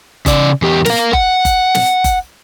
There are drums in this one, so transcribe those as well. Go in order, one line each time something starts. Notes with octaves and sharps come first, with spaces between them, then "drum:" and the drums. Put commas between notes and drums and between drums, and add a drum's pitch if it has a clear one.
C#3 D5, drum: kick F#1, hi-hat
E2 G4
A#4 F5, drum: snare
F#5, drum: kick F#1
drum: kick F#1, hi-hat
drum: snare
drum: kick F#1, hi-hat